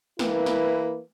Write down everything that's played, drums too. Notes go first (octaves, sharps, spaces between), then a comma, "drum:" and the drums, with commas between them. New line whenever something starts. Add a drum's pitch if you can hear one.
E3 A#3 E4 B4, drum: snare
drum: snare